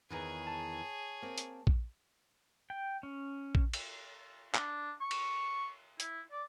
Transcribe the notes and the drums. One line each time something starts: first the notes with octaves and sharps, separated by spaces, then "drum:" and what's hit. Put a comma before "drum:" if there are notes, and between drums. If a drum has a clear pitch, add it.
E2 D#3 E3 G#4 C#5
A5
A#3 C4
drum: hi-hat
drum: kick A#1
G5
C#4
drum: kick A#1
drum: cymbal
D4, drum: clap
C#6
drum: cymbal
E4, drum: hi-hat
D5